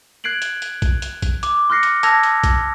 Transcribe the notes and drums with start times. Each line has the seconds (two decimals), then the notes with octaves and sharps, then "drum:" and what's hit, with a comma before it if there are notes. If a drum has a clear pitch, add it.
0.24 F#6 G#6 C7 D7 F#7
0.42 drum: hi-hat
0.62 drum: hi-hat
0.82 drum: kick, hi-hat
1.02 drum: hi-hat
1.22 drum: kick, hi-hat
1.43 D6, drum: hi-hat
1.70 C6 F6 F#6 A#6 C7 C#7
1.83 drum: hi-hat
2.03 A5 E6 G#6 A#6 F7, drum: hi-hat
2.23 drum: hi-hat
2.44 drum: kick, hi-hat